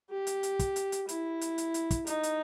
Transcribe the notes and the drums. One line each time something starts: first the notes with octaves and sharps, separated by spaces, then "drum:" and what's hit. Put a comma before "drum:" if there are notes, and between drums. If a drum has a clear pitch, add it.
G4
drum: hi-hat
drum: hi-hat
drum: kick, hi-hat
drum: hi-hat
drum: hi-hat
E4, drum: hi-hat
drum: hi-hat
drum: hi-hat
drum: hi-hat
drum: kick, hi-hat
D#4, drum: hi-hat
drum: hi-hat